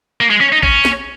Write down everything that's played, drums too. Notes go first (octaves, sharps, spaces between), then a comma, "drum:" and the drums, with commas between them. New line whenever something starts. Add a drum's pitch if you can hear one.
A#3
G#3
C#4
D#4
C#4, drum: kick
drum: snare